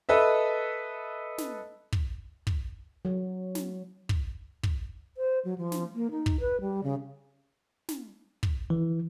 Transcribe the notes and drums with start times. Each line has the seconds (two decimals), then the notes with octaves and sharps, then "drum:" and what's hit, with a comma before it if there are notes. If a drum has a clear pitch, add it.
0.09 A4 B4 D#5 E5
1.38 drum: snare
1.92 drum: kick
2.47 drum: kick
3.05 F#3
3.55 drum: snare
4.09 drum: kick
4.63 drum: kick
5.17 C5
5.45 F#3
5.58 F3
5.72 drum: snare
5.95 A#3
6.11 D#4
6.26 drum: kick
6.40 B4
6.61 G3
6.84 C#3
7.89 drum: snare
8.43 drum: kick
8.70 E3